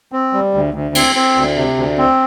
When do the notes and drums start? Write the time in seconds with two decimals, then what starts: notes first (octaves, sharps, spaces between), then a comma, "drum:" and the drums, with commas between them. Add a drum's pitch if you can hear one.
0.12 C4
0.33 G3
0.54 D2
0.74 D2
0.95 C4, drum: cymbal
1.15 C4
1.36 D2
1.56 C3
1.77 D2
1.98 C4